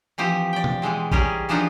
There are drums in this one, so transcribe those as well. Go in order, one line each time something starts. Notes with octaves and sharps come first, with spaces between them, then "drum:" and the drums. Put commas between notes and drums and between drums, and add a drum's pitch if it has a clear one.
E3 F3 C4 G4
D5 G5
drum: tom
B2 E3 G#3 C4
G3 C#4 G4 G#4 A#4, drum: kick A1
E3 F3 D4 D#4 F4